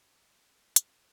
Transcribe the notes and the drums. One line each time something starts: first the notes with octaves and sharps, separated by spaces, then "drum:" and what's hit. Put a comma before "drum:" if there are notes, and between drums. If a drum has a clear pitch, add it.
C#2 A5 B6
A#1 C4 A4 C6 D#6 A6, drum: hi-hat